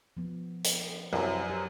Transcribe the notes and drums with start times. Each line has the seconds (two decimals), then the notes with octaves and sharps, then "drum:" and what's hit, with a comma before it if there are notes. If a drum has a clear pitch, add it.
0.17 F3 B3
0.64 drum: hi-hat
1.13 C2 F#2 F#3 B4
1.50 G4 C5 G#5